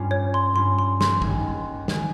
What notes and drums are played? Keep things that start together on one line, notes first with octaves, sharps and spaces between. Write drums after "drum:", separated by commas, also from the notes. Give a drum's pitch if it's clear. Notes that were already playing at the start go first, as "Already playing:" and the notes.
Already playing: G2 G3 C#4 F4
C#5
C6
G2 G3 C#4 F4 C6
C6
C6, drum: snare
D#2 D#3 G#3 C#4, drum: kick
D#3 G#3 C#4, drum: snare